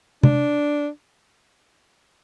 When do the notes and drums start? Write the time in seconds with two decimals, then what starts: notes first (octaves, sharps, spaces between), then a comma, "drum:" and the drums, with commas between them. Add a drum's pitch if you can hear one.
0.23 D4, drum: tom C3